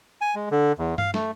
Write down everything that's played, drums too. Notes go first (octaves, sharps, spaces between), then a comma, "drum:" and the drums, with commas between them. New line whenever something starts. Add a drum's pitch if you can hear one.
G#5
G#3
D3
E2
F5, drum: tom G2
A3, drum: snare